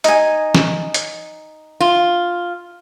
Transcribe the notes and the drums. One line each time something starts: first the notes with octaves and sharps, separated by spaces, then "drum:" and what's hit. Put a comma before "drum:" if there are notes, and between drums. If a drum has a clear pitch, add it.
D#4 G#5, drum: hi-hat
drum: snare
drum: hi-hat
F4